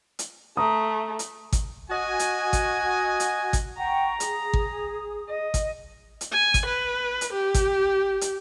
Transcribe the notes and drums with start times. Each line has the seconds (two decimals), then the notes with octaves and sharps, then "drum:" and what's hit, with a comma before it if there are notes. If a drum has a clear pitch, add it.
0.19 drum: hi-hat
0.57 A3 A#5 D#6
1.19 drum: hi-hat
1.53 drum: kick G#1, hi-hat
1.90 F#4 D#5 G#5
2.19 drum: hi-hat
2.53 drum: kick G#1, hi-hat
3.20 drum: hi-hat
3.53 drum: kick G#1, hi-hat
3.78 F#5 G5 A#5 C#6
4.20 G#4 D#6, drum: hi-hat
4.53 drum: kick G#1
5.29 D#5
5.54 drum: kick G#1, hi-hat
6.21 drum: hi-hat
6.32 G#5
6.54 drum: kick G#1, hi-hat
6.66 B4
7.21 drum: hi-hat
7.33 G4
7.54 drum: kick G#1, hi-hat
8.21 drum: hi-hat